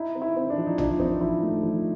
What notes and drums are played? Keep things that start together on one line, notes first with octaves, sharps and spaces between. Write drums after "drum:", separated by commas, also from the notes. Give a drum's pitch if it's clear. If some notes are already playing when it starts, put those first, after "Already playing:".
Already playing: D#4 E4
C4
E4
C4
D4
F3
D#4
F3 D4, drum: tom
C4 D#4
F3 E4
A3
F3